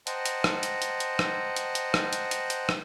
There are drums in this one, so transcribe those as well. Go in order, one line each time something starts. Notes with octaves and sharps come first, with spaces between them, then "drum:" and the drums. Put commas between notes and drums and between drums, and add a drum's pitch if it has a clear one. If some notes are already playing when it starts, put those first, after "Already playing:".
C5 D#5 F#5 G5 A5 A#5, drum: hi-hat
drum: hi-hat
drum: rim click
drum: hi-hat
drum: hi-hat
drum: hi-hat
drum: rim click
drum: hi-hat
drum: hi-hat
drum: rim click
drum: hi-hat
drum: hi-hat
drum: hi-hat
drum: rim click